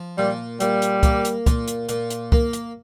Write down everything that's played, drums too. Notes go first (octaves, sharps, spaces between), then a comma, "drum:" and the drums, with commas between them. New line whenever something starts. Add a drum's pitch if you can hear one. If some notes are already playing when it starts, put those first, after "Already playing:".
Already playing: F3
A#2 G3
A#2 G3, drum: hi-hat
drum: hi-hat
A#3, drum: kick, hi-hat
drum: hi-hat
A#2, drum: kick, hi-hat
drum: hi-hat
A#2, drum: hi-hat
drum: hi-hat
A#3, drum: kick
drum: hi-hat